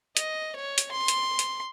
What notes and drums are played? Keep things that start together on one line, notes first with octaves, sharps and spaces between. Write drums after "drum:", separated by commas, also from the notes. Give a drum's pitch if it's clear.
D#5, drum: hi-hat
C#5
drum: hi-hat
C6
drum: hi-hat
drum: hi-hat